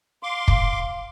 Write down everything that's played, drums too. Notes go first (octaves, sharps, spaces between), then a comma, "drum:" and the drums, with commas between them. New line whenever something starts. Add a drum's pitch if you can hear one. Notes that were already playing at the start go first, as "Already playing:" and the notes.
F5 C6 D6
drum: kick